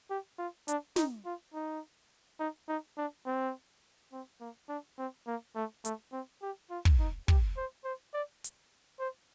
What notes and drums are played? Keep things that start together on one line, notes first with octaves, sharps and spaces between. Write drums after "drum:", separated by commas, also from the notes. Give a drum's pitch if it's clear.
G4
F4
D4, drum: hi-hat
D#4, drum: snare
F4
D#4
D#4
D#4
D4
C4
C4
A#3
D4
C4
A#3
A3
A3, drum: hi-hat
C4
G4
F4
drum: kick
D#4
G4, drum: kick
C5
C5
D5
drum: hi-hat
C5